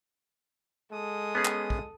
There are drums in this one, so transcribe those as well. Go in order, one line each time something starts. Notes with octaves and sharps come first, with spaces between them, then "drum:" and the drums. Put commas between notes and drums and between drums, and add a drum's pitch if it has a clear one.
G#3 A4 D#6
B3 C#4 G#4
drum: clap
drum: kick